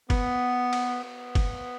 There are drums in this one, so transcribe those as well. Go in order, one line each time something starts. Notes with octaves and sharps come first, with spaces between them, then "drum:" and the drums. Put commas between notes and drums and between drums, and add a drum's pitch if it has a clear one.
B3, drum: kick, cymbal
drum: cymbal
B3
drum: kick, cymbal